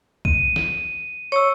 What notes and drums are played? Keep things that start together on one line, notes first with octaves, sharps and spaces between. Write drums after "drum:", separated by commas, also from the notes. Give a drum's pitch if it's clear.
D#7, drum: kick B1
drum: snare
C#5 C#6 E6